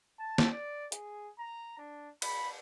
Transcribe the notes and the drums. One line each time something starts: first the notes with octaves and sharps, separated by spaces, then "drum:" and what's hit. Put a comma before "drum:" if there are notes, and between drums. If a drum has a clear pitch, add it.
A5
drum: snare
D5
G#4, drum: hi-hat
A#5
D4
B5, drum: cymbal